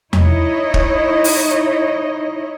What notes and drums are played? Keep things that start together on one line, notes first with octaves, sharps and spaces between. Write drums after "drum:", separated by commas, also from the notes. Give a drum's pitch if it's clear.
D#4 E4 C#5 D#5, drum: tom E2
drum: kick
drum: open hi-hat